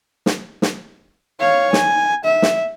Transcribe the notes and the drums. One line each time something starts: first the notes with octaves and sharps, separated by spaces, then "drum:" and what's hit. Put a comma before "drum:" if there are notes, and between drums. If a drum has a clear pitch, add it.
drum: snare
drum: snare
C#5 F5
G#5, drum: snare
E5
drum: snare